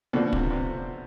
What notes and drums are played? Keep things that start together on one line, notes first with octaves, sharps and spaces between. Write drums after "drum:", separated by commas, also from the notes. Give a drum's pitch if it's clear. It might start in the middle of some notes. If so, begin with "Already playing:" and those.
B2 D3 F3 B3 D4 F4 C5
C3, drum: kick
C3